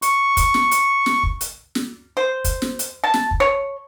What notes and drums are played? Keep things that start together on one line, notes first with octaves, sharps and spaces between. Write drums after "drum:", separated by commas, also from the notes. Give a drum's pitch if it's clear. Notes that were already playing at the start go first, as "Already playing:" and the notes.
C#6, drum: hi-hat
drum: kick, hi-hat
drum: snare
drum: hi-hat
drum: snare
drum: kick
drum: hi-hat
drum: snare
C5
drum: kick, hi-hat
drum: snare
drum: hi-hat
A5
drum: snare
drum: kick
C#5